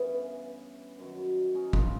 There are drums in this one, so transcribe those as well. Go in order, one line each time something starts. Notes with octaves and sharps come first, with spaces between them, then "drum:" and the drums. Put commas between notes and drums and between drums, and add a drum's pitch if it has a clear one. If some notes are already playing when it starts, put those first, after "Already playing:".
Already playing: G2 E3 B3 C#4
F#2 D#3 F#3
C#4 D#4
D#4 F4, drum: kick